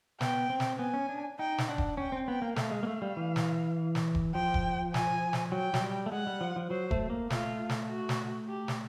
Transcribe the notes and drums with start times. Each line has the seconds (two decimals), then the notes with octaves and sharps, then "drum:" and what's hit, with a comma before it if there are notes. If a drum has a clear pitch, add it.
0.21 B3 G5, drum: snare
0.50 C4
0.60 drum: snare
0.79 B3 G#5
0.94 C#4
1.09 D4
1.39 D#4 G5
1.58 drum: snare
1.69 D4 F#5
1.78 drum: kick E1
1.97 C#4 G5
2.12 C4
2.28 B3 G5
2.42 A#3
2.56 A3 F5, drum: snare
2.71 G#3
2.83 A#3
2.87 A3
3.02 G3
3.17 E3
3.36 drum: snare
3.95 drum: snare
4.15 drum: kick E1
4.35 F3 G5
4.54 drum: kick E1
4.94 G#5, drum: snare
5.33 drum: snare
5.52 F#3 G5
5.74 F#3, drum: snare
5.82 G3
6.06 A3
6.12 G#3 F#5
6.27 G3
6.41 F3
6.56 F3
6.71 F#3 C5
6.91 A3, drum: kick E1
7.10 A#3
7.30 A3 F4, drum: snare
7.69 drum: snare
7.89 F#4
8.09 drum: snare
8.48 G4
8.68 drum: snare